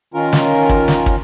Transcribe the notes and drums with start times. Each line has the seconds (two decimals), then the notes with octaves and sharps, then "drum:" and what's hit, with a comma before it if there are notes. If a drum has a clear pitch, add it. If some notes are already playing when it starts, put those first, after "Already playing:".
0.14 D#3 C#4 F4 A#4
0.33 drum: snare
0.69 drum: kick
0.88 drum: snare
1.06 drum: kick